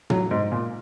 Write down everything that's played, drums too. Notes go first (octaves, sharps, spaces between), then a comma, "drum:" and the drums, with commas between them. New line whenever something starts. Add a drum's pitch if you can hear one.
F#3, drum: tom
G#2
A#2